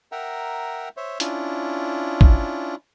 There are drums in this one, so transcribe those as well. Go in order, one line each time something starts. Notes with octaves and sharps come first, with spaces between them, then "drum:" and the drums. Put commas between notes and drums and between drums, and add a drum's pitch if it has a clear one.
A#4 E5 F#5 G5 A#5
C5 C#5 E5
C#4 D4 E4 F4, drum: hi-hat
drum: kick